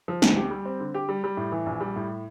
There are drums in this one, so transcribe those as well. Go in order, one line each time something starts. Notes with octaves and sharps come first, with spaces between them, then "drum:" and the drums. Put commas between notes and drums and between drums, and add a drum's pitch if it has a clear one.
F3
D2, drum: snare
G4
G3
C4
D3
G4
G3
G3
A2
E3
A#1
G3
A2